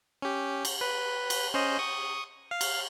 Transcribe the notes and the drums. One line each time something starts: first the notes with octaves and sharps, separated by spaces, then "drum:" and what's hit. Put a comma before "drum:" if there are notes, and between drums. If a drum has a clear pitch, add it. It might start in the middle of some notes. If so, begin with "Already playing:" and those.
C#4 G4
drum: cymbal
B4
drum: cymbal
C#4 C5 D#5
C#6 D#6
F5
drum: cymbal